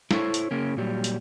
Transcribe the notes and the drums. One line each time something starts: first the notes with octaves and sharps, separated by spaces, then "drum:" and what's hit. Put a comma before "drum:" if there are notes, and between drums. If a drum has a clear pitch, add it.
E4 A4 C5 C#5, drum: snare
drum: hi-hat
C#3 A#3 C#4
A#2 F#3 G3
drum: hi-hat